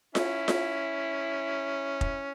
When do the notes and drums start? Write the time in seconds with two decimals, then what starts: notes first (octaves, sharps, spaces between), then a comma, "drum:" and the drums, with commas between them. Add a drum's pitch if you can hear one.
0.15 C#4 E4, drum: snare F4
0.48 drum: snare F4
2.01 drum: kick F1